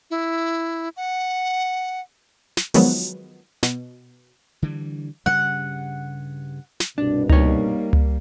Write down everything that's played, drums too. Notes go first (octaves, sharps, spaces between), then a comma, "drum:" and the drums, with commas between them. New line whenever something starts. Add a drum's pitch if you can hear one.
E4
F#5
drum: snare
D#3 F3 F#3 G#3 B3, drum: open hi-hat
B2, drum: snare
D3 E3 G3
G2 C#3 G3 F#5
drum: snare
C2 G2 B2 D4
G3 A#3 D#4 C#5, drum: tom C#2
drum: tom C#2